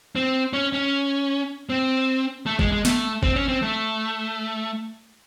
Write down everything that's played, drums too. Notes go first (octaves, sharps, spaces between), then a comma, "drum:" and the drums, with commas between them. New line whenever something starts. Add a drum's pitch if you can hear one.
C4
C#4
C#4
C4
A3
G#3, drum: kick G1
G#3
A3, drum: snare
C4, drum: kick G1
C#4
C4
A3